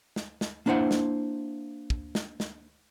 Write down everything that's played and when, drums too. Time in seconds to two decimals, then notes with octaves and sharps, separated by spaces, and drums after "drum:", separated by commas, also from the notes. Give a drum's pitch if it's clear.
0.16 drum: snare
0.41 drum: snare
0.66 A#3 D4 E4 C5 F#5
0.91 drum: snare
1.90 drum: kick
2.15 drum: snare
2.40 drum: snare